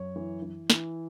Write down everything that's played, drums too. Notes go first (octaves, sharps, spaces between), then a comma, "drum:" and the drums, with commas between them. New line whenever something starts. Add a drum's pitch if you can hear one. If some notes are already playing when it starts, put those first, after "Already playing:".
Already playing: F#2 C#5
E3
E3
E3, drum: snare